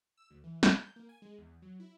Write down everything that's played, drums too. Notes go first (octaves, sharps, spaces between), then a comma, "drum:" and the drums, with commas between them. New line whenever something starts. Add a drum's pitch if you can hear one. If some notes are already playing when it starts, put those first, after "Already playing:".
E6
D2
E3
A3, drum: snare
G6
A#3
G#5
G#3
E2
F#3
E4